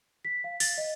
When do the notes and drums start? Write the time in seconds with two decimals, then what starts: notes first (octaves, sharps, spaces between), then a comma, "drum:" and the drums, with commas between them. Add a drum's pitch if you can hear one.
0.25 B6
0.44 F5
0.60 A6, drum: open hi-hat
0.78 D#5